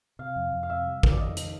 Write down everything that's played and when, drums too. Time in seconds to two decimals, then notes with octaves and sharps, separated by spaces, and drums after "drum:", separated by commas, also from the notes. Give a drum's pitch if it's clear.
0.19 C3 F5
0.36 F2
0.53 F2
0.63 F5
0.70 C3 E5
0.87 G3
1.03 D#3, drum: kick
1.11 D5
1.20 F2 D#5
1.37 D#3, drum: hi-hat